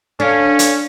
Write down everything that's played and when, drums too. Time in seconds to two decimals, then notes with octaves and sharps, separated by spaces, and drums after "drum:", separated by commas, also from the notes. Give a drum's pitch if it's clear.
0.20 C#4 D4 A4 C#5 F5
0.59 drum: hi-hat